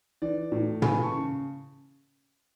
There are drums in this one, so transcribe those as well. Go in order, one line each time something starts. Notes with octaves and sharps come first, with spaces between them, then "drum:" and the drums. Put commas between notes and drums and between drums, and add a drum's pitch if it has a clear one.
E3 D5
A2
E3 G#5 B5, drum: tom
A5 C#6
C#3